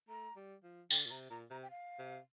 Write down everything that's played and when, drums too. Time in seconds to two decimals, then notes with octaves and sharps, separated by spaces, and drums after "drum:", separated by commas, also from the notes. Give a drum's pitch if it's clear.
0.09 A3 A#5
0.36 G3
0.63 F3
0.90 D3 G5, drum: tambourine
1.06 A#2
1.10 C3 A#5
1.30 A#2 A#5
1.50 C3 A#5
1.62 G5
1.70 F5
1.99 C3